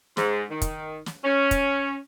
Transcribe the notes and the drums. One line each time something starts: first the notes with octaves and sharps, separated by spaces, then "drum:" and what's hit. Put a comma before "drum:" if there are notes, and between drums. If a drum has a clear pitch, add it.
G#2, drum: snare
D#3
drum: kick, hi-hat
drum: snare
C#4
drum: kick, hi-hat